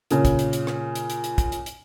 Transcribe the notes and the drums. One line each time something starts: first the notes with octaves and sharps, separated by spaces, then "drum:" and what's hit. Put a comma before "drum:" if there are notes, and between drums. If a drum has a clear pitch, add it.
A#2 C#3, drum: hi-hat
drum: kick, hi-hat
drum: hi-hat
drum: hi-hat
drum: rim click
drum: hi-hat
drum: hi-hat
drum: hi-hat
drum: kick, hi-hat
drum: hi-hat
drum: hi-hat